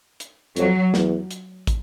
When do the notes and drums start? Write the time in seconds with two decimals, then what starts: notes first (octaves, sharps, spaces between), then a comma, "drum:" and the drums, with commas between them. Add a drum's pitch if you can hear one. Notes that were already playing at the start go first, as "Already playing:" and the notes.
0.20 drum: hi-hat
0.56 F2 F#3, drum: hi-hat
0.94 E2, drum: snare
1.31 drum: hi-hat
1.67 drum: kick, hi-hat